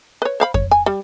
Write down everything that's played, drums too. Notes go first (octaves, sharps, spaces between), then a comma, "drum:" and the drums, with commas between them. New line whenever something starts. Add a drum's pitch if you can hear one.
B4 C#5
C5 F5 B5
C#5, drum: kick F2
G#5
G3